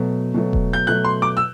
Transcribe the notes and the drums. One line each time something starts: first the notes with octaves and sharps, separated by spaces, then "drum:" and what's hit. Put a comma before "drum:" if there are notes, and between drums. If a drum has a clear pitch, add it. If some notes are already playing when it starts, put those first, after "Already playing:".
Already playing: B2 F#3 A3
B2 F#3 A3
drum: kick E1
G6
B2 F#3 A3 F#6
C6
D6
E6